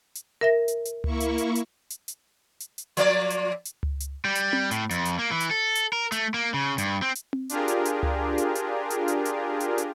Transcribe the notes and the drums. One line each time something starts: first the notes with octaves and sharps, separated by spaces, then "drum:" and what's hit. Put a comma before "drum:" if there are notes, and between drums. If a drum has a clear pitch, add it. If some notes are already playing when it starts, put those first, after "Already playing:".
drum: hi-hat
A#4 E5 A#6
drum: hi-hat
drum: hi-hat
A#3 E4 C#6, drum: tom C#2
drum: hi-hat
drum: hi-hat
drum: hi-hat
drum: hi-hat
drum: hi-hat
drum: hi-hat
drum: hi-hat
F3 A#3 D5, drum: hi-hat
drum: hi-hat
drum: hi-hat
drum: tom C#2
drum: hi-hat
G3
drum: hi-hat
drum: tom C4
A2, drum: hi-hat
F2, drum: hi-hat
drum: hi-hat
A#3
E3
drum: hi-hat
A4
drum: hi-hat
A#4
A3, drum: hi-hat
A#3
C#3
G2, drum: hi-hat
C4
drum: hi-hat
drum: tom C4
D4 F4 G4 G#4 A#4, drum: hi-hat
drum: hi-hat
drum: hi-hat
drum: tom C#2
drum: hi-hat
drum: hi-hat
drum: hi-hat
drum: hi-hat
drum: hi-hat
drum: hi-hat
drum: hi-hat